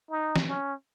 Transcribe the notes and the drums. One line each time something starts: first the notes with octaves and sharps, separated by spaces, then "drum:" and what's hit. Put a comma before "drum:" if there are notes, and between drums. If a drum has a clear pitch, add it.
D#4
drum: snare
C#4